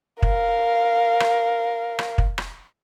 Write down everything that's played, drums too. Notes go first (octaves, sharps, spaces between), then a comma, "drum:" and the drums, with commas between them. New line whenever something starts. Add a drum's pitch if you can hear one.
A#4 F5, drum: kick
drum: rim click
drum: rim click
drum: kick
drum: rim click